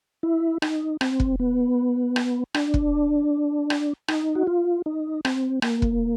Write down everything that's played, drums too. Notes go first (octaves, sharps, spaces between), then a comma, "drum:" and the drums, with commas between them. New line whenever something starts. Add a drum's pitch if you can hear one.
E4
D#4, drum: rim click
C4, drum: rim click
drum: kick
B3
drum: rim click
D4, drum: rim click
drum: kick
drum: rim click
D#4, drum: rim click
F#4
F4
D#4
C4, drum: rim click
A#3, drum: rim click
drum: kick